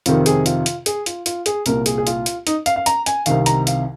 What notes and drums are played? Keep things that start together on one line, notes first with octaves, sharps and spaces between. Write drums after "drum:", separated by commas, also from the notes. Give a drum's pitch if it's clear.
F2 C3 D#3 F4, drum: hi-hat
G#4, drum: hi-hat
F4, drum: hi-hat
drum: hi-hat
G#4, drum: hi-hat
F4, drum: hi-hat
F4, drum: hi-hat
G#4, drum: hi-hat
C2 A#2 A#4, drum: hi-hat
G#4, drum: hi-hat
G#4
F4, drum: hi-hat
drum: hi-hat
D#4, drum: hi-hat
F5, drum: hi-hat
F5
A#5, drum: hi-hat
G#5, drum: hi-hat
C2 C3 D#3 F5, drum: hi-hat
A#5, drum: hi-hat
F5, drum: hi-hat